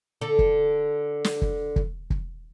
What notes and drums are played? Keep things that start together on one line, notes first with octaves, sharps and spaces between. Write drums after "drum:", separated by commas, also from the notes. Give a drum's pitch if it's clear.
D3 A4
drum: kick
drum: snare
drum: kick
drum: kick
drum: kick